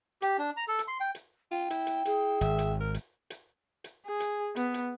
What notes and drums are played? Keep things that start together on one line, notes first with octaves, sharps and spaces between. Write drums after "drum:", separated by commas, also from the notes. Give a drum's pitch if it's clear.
G4, drum: hi-hat
D4
A#5
A4
drum: hi-hat
C6
G5
drum: hi-hat
F4 G5
E4, drum: hi-hat
drum: hi-hat
E4 G#4, drum: hi-hat
G#1 E5, drum: hi-hat
drum: hi-hat
A#4
drum: hi-hat
drum: hi-hat
drum: hi-hat
G#4
drum: hi-hat
B3, drum: hi-hat
drum: hi-hat